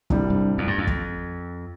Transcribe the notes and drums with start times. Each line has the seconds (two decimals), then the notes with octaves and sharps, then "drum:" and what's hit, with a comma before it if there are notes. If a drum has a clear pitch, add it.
0.10 C2 C3 G3, drum: kick
0.30 G2
0.58 F2
0.67 G2
0.78 F2
0.87 drum: kick